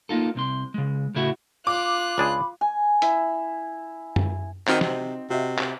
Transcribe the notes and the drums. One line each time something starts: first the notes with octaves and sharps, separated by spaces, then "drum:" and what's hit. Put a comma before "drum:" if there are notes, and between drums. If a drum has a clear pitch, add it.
A#3 D#4 F4 A4
C2 C3 C6
C#3 G#3
A2 C#3 A3 E4 F#4 F#5
F4 D6 F#6
C#2 D4 G#4 B5
G#5
E4, drum: hi-hat
drum: tom F#2
D#3 C4 D#4 F#4, drum: clap
C3, drum: snare
C3 F#4 D#5 E5
C3, drum: clap